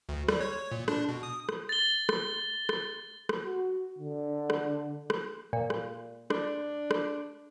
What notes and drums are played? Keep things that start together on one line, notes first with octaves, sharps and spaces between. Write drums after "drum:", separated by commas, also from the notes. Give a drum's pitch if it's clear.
D2
G3, drum: rim click
C#5
A#2
D4, drum: rim click
B2
D#6
drum: rim click
A6 G7
drum: rim click
drum: rim click
drum: rim click
F#4
D3
drum: rim click
drum: rim click
A#2
drum: rim click
D4, drum: rim click
drum: rim click